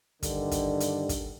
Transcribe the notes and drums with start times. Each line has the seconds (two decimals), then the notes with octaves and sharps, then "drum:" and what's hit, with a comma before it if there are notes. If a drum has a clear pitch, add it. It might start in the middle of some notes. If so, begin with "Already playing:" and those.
0.23 G2 D3 D#3, drum: kick, hi-hat
0.51 drum: kick, hi-hat
0.80 drum: hi-hat
1.09 drum: kick, hi-hat